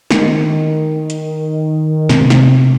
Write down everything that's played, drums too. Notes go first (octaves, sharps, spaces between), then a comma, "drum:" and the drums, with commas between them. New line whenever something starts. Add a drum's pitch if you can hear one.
D#3, drum: snare
drum: hi-hat
C3, drum: snare
drum: snare